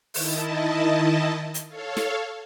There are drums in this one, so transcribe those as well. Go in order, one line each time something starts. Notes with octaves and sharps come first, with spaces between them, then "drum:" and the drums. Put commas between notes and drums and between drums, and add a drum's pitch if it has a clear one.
D#3 E4 D#5 A5, drum: open hi-hat
drum: hi-hat
A4 C#5 F5
drum: snare